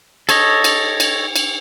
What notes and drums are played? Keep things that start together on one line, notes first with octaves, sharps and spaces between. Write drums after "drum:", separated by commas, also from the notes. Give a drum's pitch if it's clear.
A4 C#5 D#5, drum: cymbal
drum: cymbal
drum: cymbal
drum: cymbal